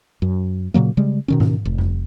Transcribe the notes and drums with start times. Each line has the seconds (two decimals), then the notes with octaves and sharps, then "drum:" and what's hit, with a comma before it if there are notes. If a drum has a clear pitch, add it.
0.22 F#2
0.74 A#2 C#3 F#3 A#3
0.97 C#3 G3 G#3
1.28 B2 D#3 C#4
1.40 drum: tom G#2
1.65 F1
1.78 drum: tom F2